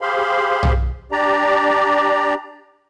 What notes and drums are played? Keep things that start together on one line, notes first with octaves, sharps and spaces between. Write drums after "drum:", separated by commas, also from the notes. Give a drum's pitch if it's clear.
G4 G#4 C5 F5 B5 C6
drum: tom
D4 G4 D5 A#5